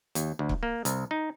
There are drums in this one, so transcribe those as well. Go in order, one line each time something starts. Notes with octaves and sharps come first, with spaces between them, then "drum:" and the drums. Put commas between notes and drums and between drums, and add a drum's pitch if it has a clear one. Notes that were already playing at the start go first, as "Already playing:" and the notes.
D#2, drum: hi-hat
D2
drum: kick C#1
A#3
C2, drum: hi-hat
D#4